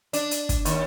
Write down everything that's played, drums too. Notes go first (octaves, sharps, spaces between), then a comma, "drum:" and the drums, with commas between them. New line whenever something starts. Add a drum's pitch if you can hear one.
D4, drum: hi-hat
drum: hi-hat
drum: kick, hi-hat
D#2, drum: hi-hat